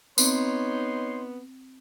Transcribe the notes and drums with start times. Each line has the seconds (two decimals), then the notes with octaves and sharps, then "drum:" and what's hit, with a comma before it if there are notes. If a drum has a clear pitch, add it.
0.18 B3 C4 D#4 C#5 C6, drum: tambourine